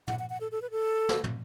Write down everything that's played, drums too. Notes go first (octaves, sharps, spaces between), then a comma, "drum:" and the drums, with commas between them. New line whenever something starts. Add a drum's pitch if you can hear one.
F#5, drum: tom
F#5
F#5
A4
A4
B4
A4
drum: snare
drum: tom